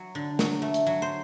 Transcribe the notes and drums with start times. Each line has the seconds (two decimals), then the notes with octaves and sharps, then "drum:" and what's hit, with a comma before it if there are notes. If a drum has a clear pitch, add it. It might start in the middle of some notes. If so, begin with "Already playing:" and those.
Already playing: F#3
0.15 D3
0.39 F#3, drum: snare
0.62 A3
0.74 drum: hi-hat
0.87 F#3
1.02 C5